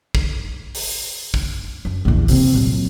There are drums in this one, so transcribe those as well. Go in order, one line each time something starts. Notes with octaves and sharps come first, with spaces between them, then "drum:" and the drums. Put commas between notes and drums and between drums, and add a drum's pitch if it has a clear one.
drum: kick
drum: open hi-hat
drum: kick
F#2
A#1 E2
C3 C4, drum: open hi-hat
A#2 F#3